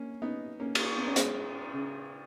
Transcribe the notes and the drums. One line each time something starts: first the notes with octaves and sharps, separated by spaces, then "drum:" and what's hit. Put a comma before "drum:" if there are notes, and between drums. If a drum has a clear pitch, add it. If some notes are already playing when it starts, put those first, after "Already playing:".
Already playing: A#3 C#4
B3 D#4
A#3 C#4
drum: cymbal
B3
C#4
G#3 B3, drum: hi-hat
C#3